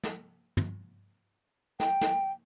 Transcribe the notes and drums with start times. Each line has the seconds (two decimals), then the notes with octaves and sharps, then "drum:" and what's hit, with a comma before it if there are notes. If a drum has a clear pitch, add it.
0.03 drum: snare
0.57 drum: tom
1.80 G5, drum: snare
2.01 drum: snare